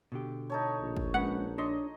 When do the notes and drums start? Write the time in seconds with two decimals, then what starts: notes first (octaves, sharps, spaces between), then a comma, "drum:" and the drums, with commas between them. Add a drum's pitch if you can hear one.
0.12 B2 D3 G4
0.50 D#4 A4 C#5
0.80 A#1
0.97 drum: kick
1.14 G#3 C#4 B4 F#5
1.58 D4 C#5 D#5 C6